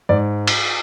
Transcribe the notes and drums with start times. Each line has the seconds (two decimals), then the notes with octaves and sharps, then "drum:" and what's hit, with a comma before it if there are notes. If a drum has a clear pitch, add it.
0.09 G#2 D5
0.48 drum: cymbal